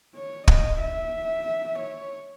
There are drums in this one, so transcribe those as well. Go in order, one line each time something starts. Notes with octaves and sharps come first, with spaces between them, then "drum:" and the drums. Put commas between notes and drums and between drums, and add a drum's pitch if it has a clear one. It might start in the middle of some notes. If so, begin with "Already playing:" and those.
C#5
D#5, drum: kick
E5
C#5